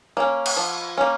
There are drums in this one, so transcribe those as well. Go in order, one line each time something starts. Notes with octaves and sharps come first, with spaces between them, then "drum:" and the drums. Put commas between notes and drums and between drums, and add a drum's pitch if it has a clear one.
A#3 C#4
drum: cymbal
F3
A#3 C#4